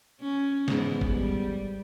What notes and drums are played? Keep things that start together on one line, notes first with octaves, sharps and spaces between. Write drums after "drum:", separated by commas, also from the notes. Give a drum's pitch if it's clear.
C#4
G#2 E3 B3, drum: snare
drum: kick G1
G3